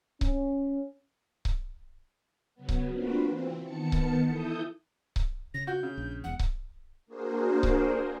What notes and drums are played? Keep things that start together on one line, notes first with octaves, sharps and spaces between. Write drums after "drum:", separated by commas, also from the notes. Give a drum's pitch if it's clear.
C#4, drum: kick C#1
drum: kick C#1
C#3 F#3 B3
drum: kick C#1
A#3 C4 D4 F4 F#4 B4
E3 C4
D#3 B3 A5 C#7
drum: kick C#1
E3 E4 A4 D#6 G6
drum: kick C#1
C#3 A#6
F#4 G6
C#3
A#1
E1 E2 F#5
drum: kick C#1
A#3 D4 F#4 G#4 A#4 C5
drum: kick C#1